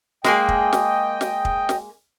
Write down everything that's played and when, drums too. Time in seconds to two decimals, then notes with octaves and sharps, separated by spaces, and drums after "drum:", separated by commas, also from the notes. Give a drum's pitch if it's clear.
0.24 G#3 A#3 G#4 D#5 G5, drum: snare
0.48 drum: kick
0.73 drum: snare
1.21 drum: snare
1.45 drum: kick
1.69 drum: snare